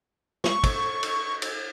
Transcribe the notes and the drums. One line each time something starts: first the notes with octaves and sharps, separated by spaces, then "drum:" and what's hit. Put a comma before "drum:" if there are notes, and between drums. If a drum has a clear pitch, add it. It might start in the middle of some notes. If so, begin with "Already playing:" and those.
C#6, drum: snare
drum: kick, cymbal
drum: cymbal
drum: cymbal